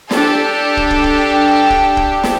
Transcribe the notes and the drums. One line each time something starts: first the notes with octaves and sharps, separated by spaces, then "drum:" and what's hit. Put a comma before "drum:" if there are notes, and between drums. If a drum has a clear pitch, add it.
D4 G4 A4, drum: snare
drum: kick
drum: kick
drum: kick
drum: kick
drum: kick
drum: snare